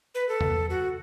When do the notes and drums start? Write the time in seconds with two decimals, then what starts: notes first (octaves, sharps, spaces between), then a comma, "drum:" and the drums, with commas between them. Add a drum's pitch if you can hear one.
0.15 B4
0.29 A4
0.41 drum: tom E2
0.70 F#4